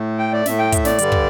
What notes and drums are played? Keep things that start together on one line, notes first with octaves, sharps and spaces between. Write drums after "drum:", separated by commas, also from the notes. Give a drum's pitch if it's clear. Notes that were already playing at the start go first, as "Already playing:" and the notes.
Already playing: A2 A3
G5
D5
A2 A3 E5, drum: snare
G5
E5, drum: kick, hi-hat
D5, drum: snare
G2 D3 G3, drum: hi-hat
drum: kick